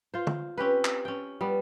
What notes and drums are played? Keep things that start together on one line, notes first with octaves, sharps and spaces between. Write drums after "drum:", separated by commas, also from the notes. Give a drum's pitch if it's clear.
F4 C5
drum: tom
C4 C#4 G4 B4
drum: clap
C#4 G5
G3 B3